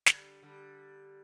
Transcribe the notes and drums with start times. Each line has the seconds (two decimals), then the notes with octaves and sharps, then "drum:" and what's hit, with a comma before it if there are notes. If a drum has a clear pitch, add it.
0.06 D3 G3, drum: snare
0.43 D3 G3